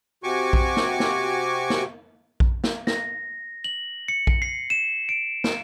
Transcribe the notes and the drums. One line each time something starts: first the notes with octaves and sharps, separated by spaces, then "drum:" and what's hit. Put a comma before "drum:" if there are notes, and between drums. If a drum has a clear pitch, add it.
C3 F#4 G4 G#5 C#6 D6
drum: kick A#1
drum: snare
drum: snare
drum: snare
drum: kick A#1
drum: snare
A#6, drum: snare
F#7
C#7
drum: kick A#1
C7
E7
D7
drum: snare